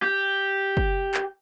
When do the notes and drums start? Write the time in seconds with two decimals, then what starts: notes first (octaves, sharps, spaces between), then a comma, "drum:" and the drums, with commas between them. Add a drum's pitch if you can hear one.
0.02 G4
0.77 drum: kick
1.14 drum: clap